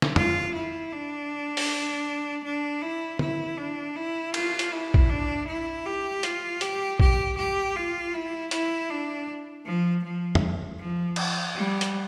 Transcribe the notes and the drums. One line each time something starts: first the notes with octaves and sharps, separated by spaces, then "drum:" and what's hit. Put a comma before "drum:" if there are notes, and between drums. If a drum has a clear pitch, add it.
drum: snare
F4, drum: tom
E4
D4
drum: open hi-hat
D4
E4
E4, drum: tom
D4
E4
F4, drum: cymbal
drum: hi-hat
E4
drum: kick A#1
D4
E4
G4
F4, drum: hi-hat
G4, drum: hi-hat
G4, drum: kick A#1
G4
F4
E4
E4, drum: hi-hat
D4
F3
F3
drum: tom
F3
drum: cymbal
G3
drum: hi-hat